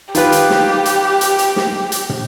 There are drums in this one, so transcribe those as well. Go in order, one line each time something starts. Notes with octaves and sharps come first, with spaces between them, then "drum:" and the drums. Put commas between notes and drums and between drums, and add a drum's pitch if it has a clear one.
D#3 F4 G4 B4, drum: hi-hat
drum: hi-hat
drum: snare
drum: hi-hat
drum: hi-hat
drum: hi-hat
drum: snare
drum: hi-hat
drum: tom